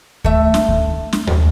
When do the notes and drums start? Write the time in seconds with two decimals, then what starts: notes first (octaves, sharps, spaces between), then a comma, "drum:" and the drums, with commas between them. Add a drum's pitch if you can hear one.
0.25 A3 E5, drum: kick D2
0.54 drum: snare
0.69 drum: kick D2
1.13 drum: snare
1.27 drum: tom D#2